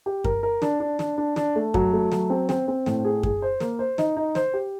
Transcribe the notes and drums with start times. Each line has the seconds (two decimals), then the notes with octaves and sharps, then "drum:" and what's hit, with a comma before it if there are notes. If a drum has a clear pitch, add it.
0.06 G4
0.24 A#4, drum: kick F#2
0.43 A#4
0.62 D4, drum: snare
0.80 D4
0.99 D4, drum: snare
1.18 D4
1.36 D4, drum: snare
1.55 A3
1.74 F#3, drum: kick F#2
1.93 A3
2.11 F#3, drum: snare
2.30 C4
2.49 C4, drum: snare
2.68 C4
2.86 A2, drum: snare
3.05 G#4
3.23 G#4, drum: kick F#2
3.42 C5
3.60 A#3, drum: snare
3.79 C5
3.98 D#4, drum: snare
4.17 D#4
4.35 C5, drum: snare
4.54 G4